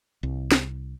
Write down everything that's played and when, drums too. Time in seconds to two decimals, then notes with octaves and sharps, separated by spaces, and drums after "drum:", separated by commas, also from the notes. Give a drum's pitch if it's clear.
0.23 C2
0.52 drum: snare